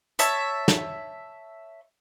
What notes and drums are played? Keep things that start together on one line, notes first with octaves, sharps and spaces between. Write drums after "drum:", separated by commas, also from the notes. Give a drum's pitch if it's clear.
C#5 E5 A5, drum: hi-hat
drum: snare